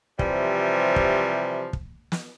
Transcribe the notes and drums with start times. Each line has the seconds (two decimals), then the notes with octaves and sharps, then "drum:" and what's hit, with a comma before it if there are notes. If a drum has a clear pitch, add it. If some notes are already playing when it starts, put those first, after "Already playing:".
0.19 C3 E3 F3 G3, drum: kick
0.96 drum: kick
1.73 drum: kick
2.12 drum: snare